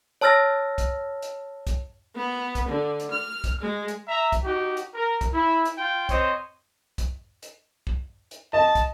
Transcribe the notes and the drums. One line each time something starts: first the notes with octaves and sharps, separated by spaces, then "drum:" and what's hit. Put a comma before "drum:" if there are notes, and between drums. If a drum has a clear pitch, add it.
C#5 A5 E6 F6 A6 A#6
drum: kick, hi-hat
drum: hi-hat
drum: kick, hi-hat
B3
drum: kick, hi-hat
D3
drum: hi-hat
F6
drum: kick, hi-hat
G#3
drum: hi-hat
E5 A#5
drum: kick, hi-hat
D#4 F#4 G4
drum: hi-hat
A#4
drum: kick, hi-hat
E4
drum: hi-hat
F4 G5
C4 C5 C#5 D#5, drum: kick, hi-hat
drum: kick, hi-hat
drum: hi-hat
drum: kick
drum: hi-hat
D#5 A5
drum: kick, hi-hat